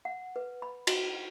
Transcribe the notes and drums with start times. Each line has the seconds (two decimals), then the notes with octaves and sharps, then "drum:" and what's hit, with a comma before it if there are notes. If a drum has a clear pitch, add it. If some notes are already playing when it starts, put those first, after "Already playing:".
0.05 F#5
0.36 B4
0.62 B5
0.87 F#4, drum: cymbal